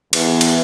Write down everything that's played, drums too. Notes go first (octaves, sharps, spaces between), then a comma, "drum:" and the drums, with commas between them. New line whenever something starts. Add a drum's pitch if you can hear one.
E2, drum: cymbal
drum: cymbal